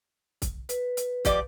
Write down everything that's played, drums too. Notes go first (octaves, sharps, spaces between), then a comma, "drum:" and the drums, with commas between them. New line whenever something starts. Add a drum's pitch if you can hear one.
drum: kick, hi-hat
B4, drum: hi-hat
drum: hi-hat
F3 G4 D5, drum: kick, hi-hat